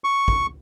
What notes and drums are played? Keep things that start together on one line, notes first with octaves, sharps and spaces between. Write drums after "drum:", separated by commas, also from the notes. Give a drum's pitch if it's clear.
C#6
drum: kick